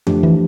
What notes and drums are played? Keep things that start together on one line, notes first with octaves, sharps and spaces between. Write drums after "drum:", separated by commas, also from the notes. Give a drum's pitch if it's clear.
F3 A3 D4 G4, drum: tom F2
E3